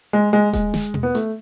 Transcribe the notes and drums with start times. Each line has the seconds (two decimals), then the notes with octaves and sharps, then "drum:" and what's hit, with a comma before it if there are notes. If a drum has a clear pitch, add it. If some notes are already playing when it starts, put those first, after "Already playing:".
0.13 G#3
0.33 G#3
0.53 G#3, drum: kick D#1, hi-hat
0.74 drum: snare
0.94 drum: tom B2
1.03 B3
1.15 A3, drum: hi-hat